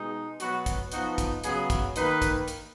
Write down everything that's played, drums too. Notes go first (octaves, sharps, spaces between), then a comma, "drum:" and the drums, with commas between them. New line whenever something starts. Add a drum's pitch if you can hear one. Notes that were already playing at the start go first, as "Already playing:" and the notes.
Already playing: B2 G#3 D#4
B2 F#3 B3 F#4, drum: hi-hat
drum: kick, hi-hat
F3 B3 D#4 F#4, drum: hi-hat
drum: kick, hi-hat
C#3 F#3 B3 G#4, drum: hi-hat
drum: kick, hi-hat
D#3 A#3 D#4 B4, drum: hi-hat
drum: kick, hi-hat
drum: hi-hat